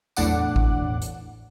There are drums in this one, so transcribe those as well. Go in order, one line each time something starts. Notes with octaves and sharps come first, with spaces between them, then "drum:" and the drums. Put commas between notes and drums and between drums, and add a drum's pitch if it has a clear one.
B1 E2 A2 D4 F#5 D6, drum: tambourine
drum: kick
drum: hi-hat